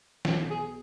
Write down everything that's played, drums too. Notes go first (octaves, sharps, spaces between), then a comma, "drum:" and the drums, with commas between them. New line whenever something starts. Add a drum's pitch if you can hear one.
B1 B2, drum: snare
G#4